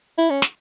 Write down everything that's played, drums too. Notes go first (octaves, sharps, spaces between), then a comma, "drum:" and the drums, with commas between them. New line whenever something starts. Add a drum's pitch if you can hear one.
E4
C#4
drum: snare